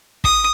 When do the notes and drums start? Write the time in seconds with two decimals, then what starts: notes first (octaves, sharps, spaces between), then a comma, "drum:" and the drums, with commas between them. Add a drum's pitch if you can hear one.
0.24 D#6, drum: kick